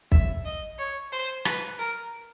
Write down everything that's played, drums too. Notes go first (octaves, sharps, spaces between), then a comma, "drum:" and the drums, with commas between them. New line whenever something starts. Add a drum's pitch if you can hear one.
E5, drum: kick
D#5
C#5
C5
B4, drum: rim click
A#4